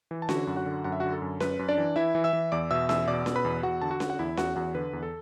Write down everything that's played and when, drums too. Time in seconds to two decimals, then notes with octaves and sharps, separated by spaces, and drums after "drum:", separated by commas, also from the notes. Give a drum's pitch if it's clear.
0.11 E3
0.22 A5
0.29 D3 F#4 F#5, drum: snare C#4
0.47 F#2
0.56 F#4 F#5
0.66 D3
0.84 F#2 F#5
0.92 E5
1.00 D3 F#4 F#5
1.12 A4
1.22 F#2
1.40 F#2 B4, drum: snare C#4
1.59 F#2
1.68 D4 D5
1.78 E3
1.96 E3 E4 E5
2.15 E3
2.24 E5 E6
2.33 E3
2.52 E2 D5 D6
2.71 B2 E5 E6
2.89 E2 E5 E6, drum: snare C#4
3.07 B2 D5 D6
3.26 B2, drum: snare C#4
3.36 B4 B5
3.45 E2
3.63 E2 F#4 F#5
3.82 D3 A5
3.91 F#4 F#5
4.00 D3, drum: snare C#4
4.10 F#5
4.19 E2 E4 E5
4.37 E2 F#4 F#5, drum: snare C#4
4.56 E2 F#4 F#5
4.75 D3 B4
4.93 E2
5.03 A4